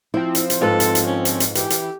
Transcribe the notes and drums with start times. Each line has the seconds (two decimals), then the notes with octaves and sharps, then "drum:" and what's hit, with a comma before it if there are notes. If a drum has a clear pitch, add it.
0.14 F3 C4 E4
0.35 drum: hi-hat
0.50 drum: hi-hat
0.61 G#2 F4 A4 B4
0.80 drum: hi-hat
0.95 drum: hi-hat
1.06 C#4
1.25 drum: hi-hat
1.40 drum: hi-hat
1.55 E3 G4, drum: hi-hat
1.70 drum: hi-hat